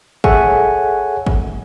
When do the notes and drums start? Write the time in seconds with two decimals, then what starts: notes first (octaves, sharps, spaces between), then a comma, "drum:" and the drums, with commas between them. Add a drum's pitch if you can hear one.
0.24 G#4 A4 C#5 E5 F#5 G#5, drum: kick
1.27 drum: kick